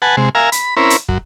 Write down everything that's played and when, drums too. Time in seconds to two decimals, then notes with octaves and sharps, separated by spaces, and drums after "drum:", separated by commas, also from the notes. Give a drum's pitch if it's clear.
0.02 B4 F#5 G#5 A5
0.17 C3 G#3
0.35 A#4 E5 F5 G#5 A#5
0.52 B5, drum: hi-hat
0.77 C4 C#4 E4 A#4 B5
0.90 drum: hi-hat
1.08 F#2, drum: kick